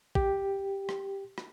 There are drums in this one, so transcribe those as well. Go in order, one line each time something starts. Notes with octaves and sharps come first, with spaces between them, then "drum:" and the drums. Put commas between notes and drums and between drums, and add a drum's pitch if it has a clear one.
G4, drum: kick
drum: rim click
drum: rim click